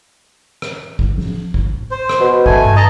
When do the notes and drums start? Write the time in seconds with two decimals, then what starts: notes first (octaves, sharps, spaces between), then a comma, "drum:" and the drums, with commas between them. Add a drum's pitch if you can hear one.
0.62 drum: rim click
0.99 drum: kick
1.17 drum: tom F3
1.54 drum: kick
1.91 C5
2.09 drum: rim click
2.20 B2
2.46 A3 G#5, drum: kick
2.65 drum: tom G2
2.76 D#5 A5 A#5